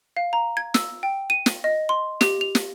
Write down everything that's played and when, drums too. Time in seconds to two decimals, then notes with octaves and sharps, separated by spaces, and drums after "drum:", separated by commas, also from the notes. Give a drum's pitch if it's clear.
0.17 F5
0.33 A#5
0.57 G#6
0.74 E6, drum: snare
1.03 G5
1.30 D#7
1.46 drum: snare
1.64 D#5
1.89 C6
2.21 G4, drum: snare
2.41 F7
2.55 drum: snare